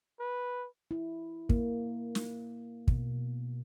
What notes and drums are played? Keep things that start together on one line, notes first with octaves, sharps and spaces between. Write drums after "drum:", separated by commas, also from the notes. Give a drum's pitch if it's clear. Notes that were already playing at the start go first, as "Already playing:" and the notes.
B4
E4
A#3, drum: kick
drum: snare
B2, drum: kick